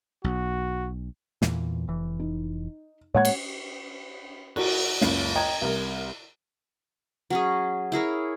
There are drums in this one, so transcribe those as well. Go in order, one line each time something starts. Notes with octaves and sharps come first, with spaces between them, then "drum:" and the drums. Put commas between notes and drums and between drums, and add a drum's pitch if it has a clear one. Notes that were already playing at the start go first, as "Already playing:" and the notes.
B1 F#4
E2 A#2 E3, drum: snare
F1 E3
D#4
A2 G#3 A#3 C#5 F#5 G#6
drum: cymbal
F#4, drum: cymbal
F#1 C#2, drum: snare
D#5 G5 A#5 G#6
C2 A#4
F#3 C#4 G#4
E4 G#4 A#4 C#5